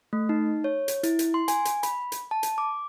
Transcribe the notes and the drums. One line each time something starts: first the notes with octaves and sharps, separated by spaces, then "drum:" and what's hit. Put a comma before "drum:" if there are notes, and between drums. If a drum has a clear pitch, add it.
A3
D#4
C#5
drum: hi-hat
E4, drum: hi-hat
drum: hi-hat
C6
G#5, drum: hi-hat
drum: hi-hat
B5, drum: hi-hat
drum: hi-hat
A5
drum: hi-hat
D6